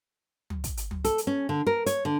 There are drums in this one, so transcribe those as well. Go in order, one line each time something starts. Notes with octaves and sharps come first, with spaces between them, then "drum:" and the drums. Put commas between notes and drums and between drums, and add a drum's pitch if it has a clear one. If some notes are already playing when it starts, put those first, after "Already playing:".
drum: tom
drum: kick, hi-hat
drum: hi-hat
drum: tom
A4, drum: hi-hat
drum: hi-hat
C#4
D3
A#4
C#5, drum: hi-hat
D3